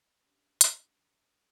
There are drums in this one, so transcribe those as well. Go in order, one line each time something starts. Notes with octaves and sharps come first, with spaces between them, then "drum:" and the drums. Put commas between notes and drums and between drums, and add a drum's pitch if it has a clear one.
C#4 D4 G4
drum: hi-hat